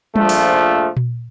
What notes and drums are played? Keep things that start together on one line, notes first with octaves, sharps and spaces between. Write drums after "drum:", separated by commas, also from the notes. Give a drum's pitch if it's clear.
A#1 F3 A3, drum: tom G3
drum: open hi-hat
drum: tom A#2